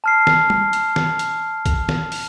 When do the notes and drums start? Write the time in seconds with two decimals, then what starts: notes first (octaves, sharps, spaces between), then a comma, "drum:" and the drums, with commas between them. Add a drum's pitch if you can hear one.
0.04 A5 F6 C7
0.27 drum: snare
0.50 drum: tom
0.73 drum: hi-hat
0.96 drum: snare
1.19 drum: hi-hat
1.66 drum: kick A#1, hi-hat
1.89 drum: snare
2.12 drum: open hi-hat